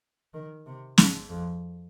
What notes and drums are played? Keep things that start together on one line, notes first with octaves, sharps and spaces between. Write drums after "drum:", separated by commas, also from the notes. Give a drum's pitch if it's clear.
D#3
C3
G#2, drum: snare
F2